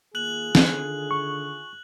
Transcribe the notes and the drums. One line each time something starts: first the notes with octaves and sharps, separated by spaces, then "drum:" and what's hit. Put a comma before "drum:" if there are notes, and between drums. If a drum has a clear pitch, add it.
D#3 A#3 F4 G#4 F#6 F#7
D3, drum: snare
C#6